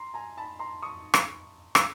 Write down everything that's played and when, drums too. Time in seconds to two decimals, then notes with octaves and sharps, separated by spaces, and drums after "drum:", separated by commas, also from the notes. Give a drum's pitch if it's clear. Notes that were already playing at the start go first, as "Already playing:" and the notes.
Already playing: A#5 C6
0.14 G#5 A#5
0.37 A5 B5
0.59 A#5 C6
0.82 C#6 D#6
1.14 drum: rim click
1.75 D6 E6, drum: rim click